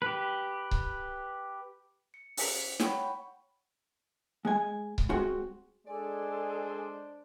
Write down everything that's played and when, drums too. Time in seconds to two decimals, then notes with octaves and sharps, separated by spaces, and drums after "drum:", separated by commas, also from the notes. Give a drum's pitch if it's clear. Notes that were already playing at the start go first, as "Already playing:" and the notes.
0.02 G4 B4
0.71 drum: kick C#1
2.14 C#7
2.37 C#4 C5 F5 B6 C#7, drum: open hi-hat
2.80 C#5 F#5 G5 B5 C#6, drum: snare
4.45 G#3 G#5
4.98 drum: kick C#1
5.09 G#3 C4 F#4
5.86 G#3 D4 G#4 A4 C5 D5 G#5